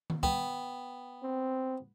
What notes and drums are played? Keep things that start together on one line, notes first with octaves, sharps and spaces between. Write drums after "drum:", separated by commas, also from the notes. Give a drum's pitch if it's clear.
drum: tom D#3
B3 G5, drum: kick
C4